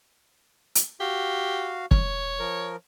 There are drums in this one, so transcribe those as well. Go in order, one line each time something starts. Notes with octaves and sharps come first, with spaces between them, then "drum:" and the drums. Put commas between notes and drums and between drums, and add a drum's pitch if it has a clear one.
drum: hi-hat
F#4 G4 F5
C#5, drum: kick
F3 A#4